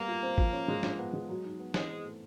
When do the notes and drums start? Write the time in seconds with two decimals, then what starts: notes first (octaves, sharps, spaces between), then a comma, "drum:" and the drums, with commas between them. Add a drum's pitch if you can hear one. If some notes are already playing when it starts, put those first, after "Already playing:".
Already playing: G3 A#3 B3
0.08 F4
0.23 C4
0.38 F3, drum: kick G#1
0.53 C#4
0.68 G#3
0.83 F3, drum: snare
0.98 B3
1.13 G#3
1.29 F#3
1.45 D#4
1.60 B3
1.74 E3 G#3, drum: snare
1.89 C4
2.05 A3